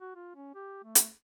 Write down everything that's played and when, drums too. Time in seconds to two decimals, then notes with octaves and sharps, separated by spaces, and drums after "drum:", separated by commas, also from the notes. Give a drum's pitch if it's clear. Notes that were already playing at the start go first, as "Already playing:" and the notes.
0.01 F#4
0.15 F4
0.35 C#4
0.55 G4
0.84 A3
0.95 drum: hi-hat